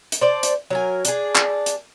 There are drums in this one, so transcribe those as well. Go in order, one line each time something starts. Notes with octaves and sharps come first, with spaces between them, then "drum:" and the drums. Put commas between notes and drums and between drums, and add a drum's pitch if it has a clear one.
drum: hi-hat
C5 D5 A5
drum: hi-hat
F#3 A#4 G#5
D4 G#4, drum: hi-hat
drum: clap
drum: hi-hat